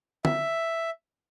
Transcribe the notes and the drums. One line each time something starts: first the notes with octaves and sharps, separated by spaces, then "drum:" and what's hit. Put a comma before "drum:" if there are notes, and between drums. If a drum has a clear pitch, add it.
E5, drum: tom